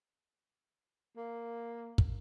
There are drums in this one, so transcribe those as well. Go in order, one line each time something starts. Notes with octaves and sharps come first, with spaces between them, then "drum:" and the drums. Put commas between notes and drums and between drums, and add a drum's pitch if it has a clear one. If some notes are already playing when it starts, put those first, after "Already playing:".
A#3
drum: kick